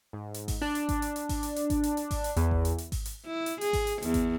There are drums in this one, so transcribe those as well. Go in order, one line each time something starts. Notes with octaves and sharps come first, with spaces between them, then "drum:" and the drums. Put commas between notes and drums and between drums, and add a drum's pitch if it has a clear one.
G#2
drum: hi-hat
drum: kick G#1, open hi-hat
D4
drum: hi-hat
drum: kick G#1, hi-hat
drum: hi-hat
drum: hi-hat
drum: kick G#1, open hi-hat
drum: hi-hat
drum: hi-hat
drum: kick G#1, hi-hat
drum: hi-hat
drum: hi-hat
drum: kick G#1, open hi-hat
drum: hi-hat
E2, drum: hi-hat
drum: kick G#1
drum: hi-hat
drum: hi-hat
drum: kick G#1, open hi-hat
drum: hi-hat
E4
drum: hi-hat
G#4, drum: hi-hat
drum: kick G#1, open hi-hat
drum: hi-hat
E2, drum: hi-hat
drum: kick G#1, hi-hat